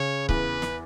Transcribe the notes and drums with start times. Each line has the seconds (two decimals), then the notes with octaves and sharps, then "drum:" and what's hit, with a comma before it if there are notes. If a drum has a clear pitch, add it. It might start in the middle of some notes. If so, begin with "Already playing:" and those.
Already playing: C#3 C#5
0.29 E2 B4, drum: kick C#1
0.62 drum: snare